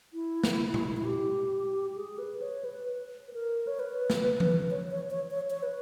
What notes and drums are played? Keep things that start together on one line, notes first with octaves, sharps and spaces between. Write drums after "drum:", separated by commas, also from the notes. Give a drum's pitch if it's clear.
E4
drum: snare
drum: tom A#2
E4
G4
G#4
B4
C#5
B4
B4
A#4
C#5
B4
drum: snare
drum: tom E3
C#5
C#5
C#5
C#5
C#5
B4